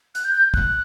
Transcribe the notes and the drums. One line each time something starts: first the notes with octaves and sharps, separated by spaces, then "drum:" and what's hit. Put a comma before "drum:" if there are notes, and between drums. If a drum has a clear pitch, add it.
F#6, drum: hi-hat
G6
G6
F#6, drum: kick